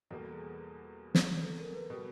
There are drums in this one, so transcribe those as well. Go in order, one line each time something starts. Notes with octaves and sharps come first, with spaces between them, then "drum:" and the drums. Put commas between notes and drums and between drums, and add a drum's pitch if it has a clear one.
E2 B2 G3 A#3 A4
G#4
drum: snare
A4
A#4
B4
B2 G3